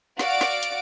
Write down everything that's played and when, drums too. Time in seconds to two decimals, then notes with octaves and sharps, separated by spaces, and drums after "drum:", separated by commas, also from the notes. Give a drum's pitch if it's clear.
0.19 F#4 D5 F5 F#5 D6 D7, drum: snare
0.41 drum: snare
0.63 drum: hi-hat